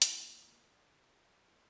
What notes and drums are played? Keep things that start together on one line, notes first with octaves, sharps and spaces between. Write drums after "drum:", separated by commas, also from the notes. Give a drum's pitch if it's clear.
A#2 E4 E5, drum: hi-hat